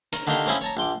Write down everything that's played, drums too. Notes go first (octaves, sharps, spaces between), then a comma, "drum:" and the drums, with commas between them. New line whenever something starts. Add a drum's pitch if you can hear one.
A#4, drum: hi-hat
D3 D#3 A#3 G4 A#4
A#3 C4 C#4 E4 G#4
C#5 A5 A#5
A#1 C6 D6